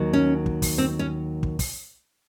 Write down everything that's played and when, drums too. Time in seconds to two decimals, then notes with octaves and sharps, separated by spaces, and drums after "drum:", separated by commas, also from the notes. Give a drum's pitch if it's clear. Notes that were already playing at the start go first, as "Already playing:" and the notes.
Already playing: D#2 D#3 F#3
0.13 C#4
0.46 drum: kick
0.62 drum: kick, open hi-hat
0.78 C4
0.99 C#4
1.43 drum: kick
1.59 drum: kick, open hi-hat